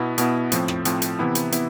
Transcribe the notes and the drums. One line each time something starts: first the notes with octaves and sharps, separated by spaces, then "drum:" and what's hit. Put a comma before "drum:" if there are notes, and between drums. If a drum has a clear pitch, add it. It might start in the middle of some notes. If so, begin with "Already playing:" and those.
Already playing: B2 B3 E4
B2 B3 E4, drum: hi-hat
A2 F3 C4, drum: hi-hat
drum: rim click
A2 F3 C4, drum: hi-hat
drum: hi-hat
C3 E3 B3 E4
drum: hi-hat
B3 E4, drum: hi-hat